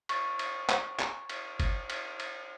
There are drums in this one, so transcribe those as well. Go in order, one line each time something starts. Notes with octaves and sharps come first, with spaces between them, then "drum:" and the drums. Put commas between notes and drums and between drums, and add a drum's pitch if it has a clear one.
C#6 A6, drum: cymbal
drum: cymbal
drum: clap
drum: clap
drum: cymbal
drum: kick G1, cymbal
drum: cymbal
drum: cymbal